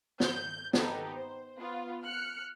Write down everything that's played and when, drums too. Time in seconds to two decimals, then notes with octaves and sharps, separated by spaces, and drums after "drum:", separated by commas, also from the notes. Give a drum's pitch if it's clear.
0.20 G6, drum: snare
0.73 B3 D#4 G4 A4, drum: snare
1.14 C5
1.58 B3 F4
2.03 F6 F#6 C#7